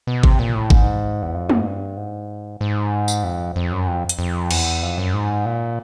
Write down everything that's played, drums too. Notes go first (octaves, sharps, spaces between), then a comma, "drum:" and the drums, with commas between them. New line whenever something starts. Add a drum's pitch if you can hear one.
B2
C3, drum: kick G#1
A#2
A2
G#2, drum: kick G#1
E2
F2
F#2, drum: tom
G#2
G2
G#2
G#2
drum: tambourine
F2
F2
F#2
F2
drum: hi-hat
F2
E2, drum: cymbal
F2
F#2
G#2
A#2